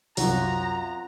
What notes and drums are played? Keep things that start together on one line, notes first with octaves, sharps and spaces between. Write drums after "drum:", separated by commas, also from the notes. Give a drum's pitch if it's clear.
C2 F#2 F#3 C4 F4 F#5 A#5, drum: open hi-hat